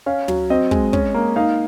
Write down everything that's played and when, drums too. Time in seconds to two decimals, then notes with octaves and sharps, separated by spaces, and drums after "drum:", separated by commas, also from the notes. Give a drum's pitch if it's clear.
0.06 C#4 F5
0.28 F#3, drum: tom
0.50 C4 D#5
0.71 G#3, drum: kick
0.93 C#4, drum: kick
1.14 A#3
1.36 D#4 F5